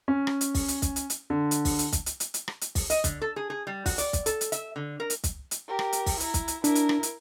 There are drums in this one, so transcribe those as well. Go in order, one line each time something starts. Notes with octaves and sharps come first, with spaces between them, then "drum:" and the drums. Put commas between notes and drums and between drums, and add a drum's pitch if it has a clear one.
C#4
drum: rim click
drum: hi-hat
drum: kick, open hi-hat
drum: hi-hat
drum: kick, hi-hat
drum: hi-hat
drum: hi-hat
D3
drum: hi-hat
drum: kick, open hi-hat
drum: hi-hat
drum: kick, hi-hat
drum: hi-hat
drum: hi-hat
drum: hi-hat
drum: rim click
drum: hi-hat
drum: kick, open hi-hat
D#5, drum: hi-hat
D3, drum: kick, hi-hat
A4
G#4
G#4
G3
F#4, drum: kick, open hi-hat
D5, drum: hi-hat
drum: kick, hi-hat
A4, drum: hi-hat
drum: hi-hat
E5, drum: hi-hat
D3
A#4
drum: hi-hat
drum: kick, hi-hat
drum: hi-hat
G4 A#4
drum: rim click
drum: hi-hat
drum: kick, open hi-hat
E4 A#5, drum: hi-hat
drum: kick, hi-hat
drum: hi-hat
D4 E4 A#4, drum: hi-hat
drum: hi-hat
drum: rim click
drum: hi-hat